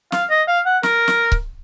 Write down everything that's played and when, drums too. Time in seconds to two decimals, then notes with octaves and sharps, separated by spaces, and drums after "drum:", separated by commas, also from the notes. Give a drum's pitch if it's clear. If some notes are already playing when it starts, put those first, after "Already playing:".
0.12 F5, drum: snare
0.30 D#5
0.48 F5
0.66 F#5
0.83 A#4, drum: snare
1.08 drum: snare
1.32 drum: kick C#1